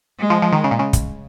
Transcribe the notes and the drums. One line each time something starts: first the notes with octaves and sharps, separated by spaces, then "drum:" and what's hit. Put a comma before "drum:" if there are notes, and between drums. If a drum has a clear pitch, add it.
G#3
F3
F3
D#3
C#3
A#2
C#3
drum: kick, hi-hat